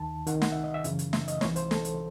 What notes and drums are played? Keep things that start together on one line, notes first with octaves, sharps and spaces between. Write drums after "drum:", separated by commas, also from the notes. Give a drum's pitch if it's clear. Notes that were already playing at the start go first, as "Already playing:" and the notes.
Already playing: D#2 D#3 A5
C2 C3 D#3 F#5, drum: hi-hat
F#5, drum: snare
E5
D#5
E5
F#2 C#3 E3, drum: hi-hat
drum: hi-hat
E5, drum: snare
D#5, drum: hi-hat
C2 C3 E3 C#5, drum: snare
C5, drum: hi-hat
A4, drum: snare
drum: hi-hat